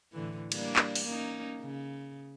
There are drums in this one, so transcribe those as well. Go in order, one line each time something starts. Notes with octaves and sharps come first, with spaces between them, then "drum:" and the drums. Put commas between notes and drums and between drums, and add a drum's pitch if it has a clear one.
A2 D3 E3
G3 A#3 D4, drum: cymbal
drum: clap
drum: open hi-hat
A#3 C#4 D#4
C#3